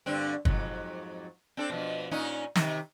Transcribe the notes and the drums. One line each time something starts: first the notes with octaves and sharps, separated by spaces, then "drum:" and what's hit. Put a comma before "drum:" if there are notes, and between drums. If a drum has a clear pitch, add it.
G2 D3 C4
F2 G#2 F#3, drum: kick
C4 D4 A4
B2 F3
A#2 C#4 D#4
C3 D#3, drum: snare